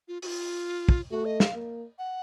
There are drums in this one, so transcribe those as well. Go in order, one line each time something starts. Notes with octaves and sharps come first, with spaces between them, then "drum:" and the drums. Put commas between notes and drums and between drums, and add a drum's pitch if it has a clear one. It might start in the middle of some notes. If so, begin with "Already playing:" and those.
F4
F#4, drum: open hi-hat
F4
drum: kick
A3 F#4
D#5
F5, drum: snare
A#3
F#5